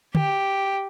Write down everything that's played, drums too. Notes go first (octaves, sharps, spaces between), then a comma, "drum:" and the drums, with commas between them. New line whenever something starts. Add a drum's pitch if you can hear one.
G4, drum: tom D3